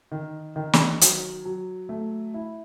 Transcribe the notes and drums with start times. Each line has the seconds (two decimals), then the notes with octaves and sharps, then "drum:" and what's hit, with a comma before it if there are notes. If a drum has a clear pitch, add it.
0.12 D#3
0.56 D#3
0.73 drum: snare
1.01 F#3, drum: hi-hat
1.45 F#3
1.89 A3
2.34 E4